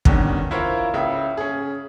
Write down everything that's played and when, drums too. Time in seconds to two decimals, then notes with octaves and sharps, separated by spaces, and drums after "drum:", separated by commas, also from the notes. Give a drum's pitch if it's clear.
0.05 E2 D3 D#3 G3 C#4, drum: kick
0.51 E4 F4 A#4 C5 C#5 F5
0.94 C#2 C#3 E5
1.37 C#4 G#4